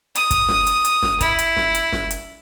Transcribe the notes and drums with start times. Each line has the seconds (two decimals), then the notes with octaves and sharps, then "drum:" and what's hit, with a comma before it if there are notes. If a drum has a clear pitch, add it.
0.15 D#6, drum: hi-hat
0.31 drum: kick, hi-hat
0.49 drum: snare
0.67 drum: hi-hat
0.85 drum: hi-hat
1.03 drum: snare
1.21 E4, drum: kick, hi-hat
1.39 drum: hi-hat
1.57 drum: snare
1.75 drum: hi-hat
1.92 drum: snare
2.10 drum: hi-hat